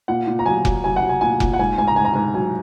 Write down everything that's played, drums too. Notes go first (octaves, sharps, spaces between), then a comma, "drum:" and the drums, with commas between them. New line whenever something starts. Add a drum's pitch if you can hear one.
A#2 F#5
A#2
A#5
F#3 G#5
F#3, drum: kick F1
F#3 G#5
F#5
F#3
G#5
A#2 G#5
A#2, drum: kick F1
F#5
G#2 G#5
G#2 G#5
A#5
G#2 G#5
A#5
G#2 G#5
F#3 G#5